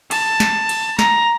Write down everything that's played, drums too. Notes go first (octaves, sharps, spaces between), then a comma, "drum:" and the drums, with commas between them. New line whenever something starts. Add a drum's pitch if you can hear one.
A5, drum: cymbal
drum: snare
drum: cymbal
A#5, drum: snare